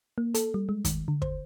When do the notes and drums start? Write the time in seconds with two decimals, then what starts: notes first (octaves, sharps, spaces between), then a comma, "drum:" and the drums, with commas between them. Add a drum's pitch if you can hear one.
0.18 A#3
0.34 A4, drum: hi-hat
0.54 G3
0.69 G#3
0.85 D#3, drum: kick, hi-hat
1.08 D3
1.22 C5, drum: kick